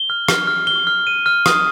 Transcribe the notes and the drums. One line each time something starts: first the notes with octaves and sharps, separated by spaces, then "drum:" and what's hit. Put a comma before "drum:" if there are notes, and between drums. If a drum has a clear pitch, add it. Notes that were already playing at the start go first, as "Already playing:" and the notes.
Already playing: G7
F6
F6, drum: rim click
F6
G7
F6
D#7
F6
D#6, drum: rim click